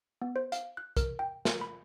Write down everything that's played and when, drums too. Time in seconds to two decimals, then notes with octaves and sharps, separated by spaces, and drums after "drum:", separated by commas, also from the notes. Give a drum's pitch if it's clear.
0.22 B3
0.36 C5
0.52 F5, drum: hi-hat
0.77 F#6
0.97 A#4, drum: kick, hi-hat
1.19 G5
1.45 A#4, drum: snare
1.61 B5